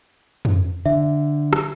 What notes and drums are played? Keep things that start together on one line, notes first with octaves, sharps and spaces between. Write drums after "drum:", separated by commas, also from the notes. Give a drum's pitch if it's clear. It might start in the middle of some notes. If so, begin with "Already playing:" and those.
drum: tom F2
D3 E5
drum: rim click